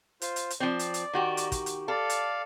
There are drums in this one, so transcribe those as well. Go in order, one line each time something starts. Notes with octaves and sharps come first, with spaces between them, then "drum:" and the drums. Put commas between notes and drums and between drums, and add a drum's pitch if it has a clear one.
F4 C5, drum: hi-hat
drum: hi-hat
drum: hi-hat
F3 C4 D5
drum: hi-hat
drum: hi-hat
D#3 F#4 G4
drum: hi-hat
drum: kick, hi-hat
drum: hi-hat
A4 D5 F5
drum: hi-hat